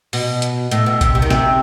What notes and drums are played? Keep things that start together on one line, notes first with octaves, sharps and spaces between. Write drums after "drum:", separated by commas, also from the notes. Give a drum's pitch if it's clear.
B2, drum: open hi-hat
drum: hi-hat
A2, drum: hi-hat
B2
C3, drum: kick, hi-hat
C3
D#3
C3, drum: snare